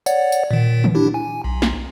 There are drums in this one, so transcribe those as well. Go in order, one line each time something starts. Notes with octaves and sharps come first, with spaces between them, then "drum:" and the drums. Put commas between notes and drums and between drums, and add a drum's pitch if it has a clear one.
C#5 D5 F#5, drum: tambourine
drum: tambourine
A#2 D#3
drum: tom D#3
D4 E4 G4
G#5
B1
drum: snare